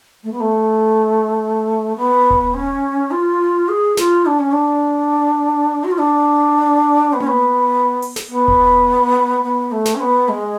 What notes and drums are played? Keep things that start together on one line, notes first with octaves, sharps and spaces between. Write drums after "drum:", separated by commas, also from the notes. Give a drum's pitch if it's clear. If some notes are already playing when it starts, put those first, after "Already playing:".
A3
B3
A3
B3
drum: kick D#1
C#4
F4
G#4
F4, drum: snare
D4
C#4
D4
F#4
F4
D4
B3
C#4, drum: tom A#3
B3
drum: open hi-hat
drum: snare
B3
drum: kick D#1
B3
A3
drum: snare
C#4
B3
G#3